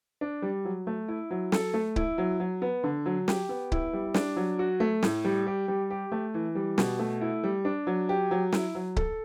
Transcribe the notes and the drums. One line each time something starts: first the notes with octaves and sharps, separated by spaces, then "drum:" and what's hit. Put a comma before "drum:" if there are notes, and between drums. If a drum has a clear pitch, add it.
D4
G3
F#3
A3
E4
F#3
A4, drum: snare
A3
E4, drum: kick C#1
F#3
F#3
B3
D3
F#3
G4, drum: snare
B3
E4, drum: kick C#1
G3
D4, drum: snare
F#3
F#4
A3
A2, drum: snare
G3
G4
G3
G4
A3
E3
G3
B2, drum: snare
A3
E4
G3
D4
F#3
G4
F#3
E4, drum: snare
F#3
A4, drum: kick C#1